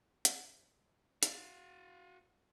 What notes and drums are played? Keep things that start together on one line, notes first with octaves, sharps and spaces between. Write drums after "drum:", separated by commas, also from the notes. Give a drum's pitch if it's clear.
drum: hi-hat
F#4 F5, drum: hi-hat